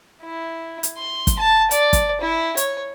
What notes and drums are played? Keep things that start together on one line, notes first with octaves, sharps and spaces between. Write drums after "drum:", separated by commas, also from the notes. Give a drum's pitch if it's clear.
E4
drum: hi-hat
C6
drum: kick, hi-hat
A5
D5, drum: hi-hat
drum: kick, hi-hat
E4
C#5, drum: hi-hat